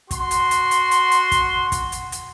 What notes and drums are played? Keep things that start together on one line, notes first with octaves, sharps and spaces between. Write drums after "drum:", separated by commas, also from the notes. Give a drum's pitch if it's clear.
F#4 C6, drum: kick, hi-hat
drum: hi-hat
drum: hi-hat
drum: hi-hat
drum: hi-hat
drum: hi-hat
drum: kick, hi-hat
drum: kick, hi-hat
drum: hi-hat
drum: hi-hat